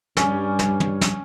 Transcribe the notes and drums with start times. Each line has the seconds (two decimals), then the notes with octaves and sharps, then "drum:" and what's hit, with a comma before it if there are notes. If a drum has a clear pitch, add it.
0.17 G2 G3 C#4, drum: snare
0.59 drum: snare
0.80 drum: tom
1.01 drum: snare